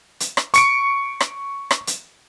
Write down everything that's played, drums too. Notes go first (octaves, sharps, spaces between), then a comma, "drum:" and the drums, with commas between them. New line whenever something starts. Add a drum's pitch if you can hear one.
drum: hi-hat
drum: rim click
C#6 C#7 D7, drum: hi-hat
drum: rim click
drum: rim click
drum: hi-hat